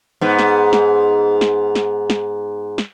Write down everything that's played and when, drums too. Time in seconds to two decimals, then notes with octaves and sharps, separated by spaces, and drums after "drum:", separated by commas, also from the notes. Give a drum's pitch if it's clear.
0.21 G#2 B3
0.39 drum: snare
0.73 drum: snare
1.41 drum: snare
1.75 drum: snare
2.10 drum: snare
2.78 drum: snare